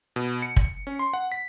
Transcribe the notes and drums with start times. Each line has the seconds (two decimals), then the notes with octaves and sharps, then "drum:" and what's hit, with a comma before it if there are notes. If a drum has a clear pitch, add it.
0.16 B2
0.42 C#7
0.56 drum: kick
0.87 C#4
0.99 C6
1.13 F#5
1.32 B6